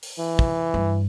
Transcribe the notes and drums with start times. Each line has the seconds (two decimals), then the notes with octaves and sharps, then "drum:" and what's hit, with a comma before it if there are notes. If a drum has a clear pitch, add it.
0.03 drum: open hi-hat
0.19 E3
0.39 drum: kick
0.74 G2